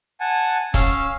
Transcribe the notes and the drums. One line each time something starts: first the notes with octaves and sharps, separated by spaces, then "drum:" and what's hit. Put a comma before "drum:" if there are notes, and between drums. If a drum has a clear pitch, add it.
F#5 G#5 A5
C#4 F5 E6, drum: kick, hi-hat